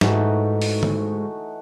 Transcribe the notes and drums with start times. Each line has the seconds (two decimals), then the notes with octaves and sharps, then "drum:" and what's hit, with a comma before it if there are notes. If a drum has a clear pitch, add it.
0.01 G#2 E3 A3 D#4 F#4, drum: snare
0.62 drum: open hi-hat
0.83 drum: tom D3